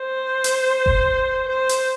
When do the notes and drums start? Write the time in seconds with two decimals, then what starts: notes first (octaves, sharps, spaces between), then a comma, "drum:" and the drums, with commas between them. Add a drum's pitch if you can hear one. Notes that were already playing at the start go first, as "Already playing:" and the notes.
Already playing: C5
0.44 drum: hi-hat
0.86 drum: kick F#1
1.48 C5
1.69 drum: hi-hat